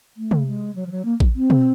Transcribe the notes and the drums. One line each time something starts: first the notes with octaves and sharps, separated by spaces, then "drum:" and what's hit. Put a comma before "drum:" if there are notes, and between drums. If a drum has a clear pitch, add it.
A3
drum: tom C3
G#3
F#3
F3
F#3
A#3
drum: kick A1
C4
drum: tom B2